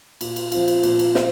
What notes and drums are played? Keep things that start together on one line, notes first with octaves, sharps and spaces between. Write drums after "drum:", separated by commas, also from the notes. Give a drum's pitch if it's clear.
A#2, drum: cymbal
drum: cymbal
F3 C4 F4, drum: cymbal
drum: cymbal
A#2, drum: cymbal
drum: cymbal
F3 C4, drum: snare